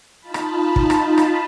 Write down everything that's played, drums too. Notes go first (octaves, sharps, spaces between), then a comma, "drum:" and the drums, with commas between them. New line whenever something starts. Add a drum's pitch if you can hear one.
D#4 F4 A5 B5
drum: rim click
drum: kick
drum: rim click
drum: rim click